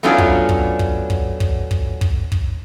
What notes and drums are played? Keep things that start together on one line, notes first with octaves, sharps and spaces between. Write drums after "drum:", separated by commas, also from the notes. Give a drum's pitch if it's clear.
F#3 A3 B3 C#4 D4 F4
drum: kick
drum: kick
drum: kick
drum: kick
drum: kick
drum: kick
drum: kick
drum: kick